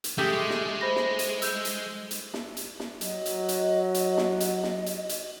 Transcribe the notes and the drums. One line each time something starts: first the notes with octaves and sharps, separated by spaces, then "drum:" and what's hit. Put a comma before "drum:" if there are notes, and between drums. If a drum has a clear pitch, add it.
drum: hi-hat
G#3 A3 G4 G#4 G6 B6
drum: snare
C5 B5 A#6
drum: snare
drum: hi-hat
E6 G6, drum: hi-hat
drum: hi-hat
drum: hi-hat
drum: snare
drum: hi-hat
drum: snare
F#3 D#5, drum: hi-hat
drum: hi-hat
drum: hi-hat
drum: hi-hat
drum: snare
drum: hi-hat
drum: snare
drum: hi-hat
drum: hi-hat